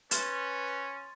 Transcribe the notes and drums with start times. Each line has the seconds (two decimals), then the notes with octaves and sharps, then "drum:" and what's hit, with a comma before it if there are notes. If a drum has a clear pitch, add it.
0.11 C#4 B4 C6 F6 A6, drum: hi-hat